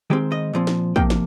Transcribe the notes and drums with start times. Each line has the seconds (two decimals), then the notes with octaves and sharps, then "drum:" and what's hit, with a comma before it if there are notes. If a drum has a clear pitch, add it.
0.10 D#3 G#3 C4 G4
0.32 D#5
0.53 A#2 F3 C4
0.67 drum: snare
0.96 C3 F3 A#3 G5, drum: kick
1.10 drum: snare